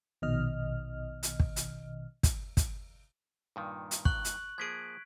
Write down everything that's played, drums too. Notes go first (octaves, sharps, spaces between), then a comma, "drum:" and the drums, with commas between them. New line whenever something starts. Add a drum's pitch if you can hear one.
A#1 B2 D#3 D#5 F6
drum: hi-hat
drum: kick
drum: hi-hat
drum: kick, hi-hat
drum: kick, hi-hat
G2 A#2 D#3
drum: hi-hat
C#6 F#6 F#7, drum: kick
drum: hi-hat
F3 A#3 G#4 G#6 B6 D7